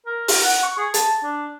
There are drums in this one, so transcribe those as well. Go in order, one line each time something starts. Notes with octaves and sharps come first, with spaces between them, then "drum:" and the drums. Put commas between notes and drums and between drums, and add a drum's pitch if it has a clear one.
A#4
drum: open hi-hat
F#5
C#6
G#4
A5, drum: hi-hat
D4